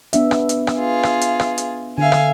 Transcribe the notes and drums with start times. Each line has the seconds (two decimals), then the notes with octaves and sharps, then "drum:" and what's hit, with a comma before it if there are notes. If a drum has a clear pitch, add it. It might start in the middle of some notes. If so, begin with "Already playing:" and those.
0.13 B3 D4 E5, drum: hi-hat
0.31 drum: rim click
0.49 drum: hi-hat
0.67 drum: rim click
0.78 F4 G#4
1.03 drum: rim click
1.21 drum: hi-hat
1.40 drum: rim click
1.58 drum: hi-hat
1.98 D3 E5 F5 G#5
2.12 drum: rim click